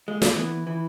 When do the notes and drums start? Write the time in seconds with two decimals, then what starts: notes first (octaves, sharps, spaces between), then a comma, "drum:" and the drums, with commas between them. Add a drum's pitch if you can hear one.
0.08 G#3
0.22 A3, drum: snare
0.35 E3 B3
0.67 E3